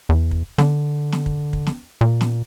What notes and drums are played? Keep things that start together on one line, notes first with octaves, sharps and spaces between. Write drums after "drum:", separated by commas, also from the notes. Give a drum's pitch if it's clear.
E2
drum: kick
D3, drum: snare
drum: snare
drum: kick
drum: kick
drum: snare
A#2
drum: snare